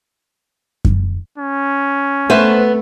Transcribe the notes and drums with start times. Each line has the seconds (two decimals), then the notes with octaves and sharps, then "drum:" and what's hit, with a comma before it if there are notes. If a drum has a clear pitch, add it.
0.85 drum: kick F#2
1.38 C#4
2.30 A3 B3 B4 C5 E5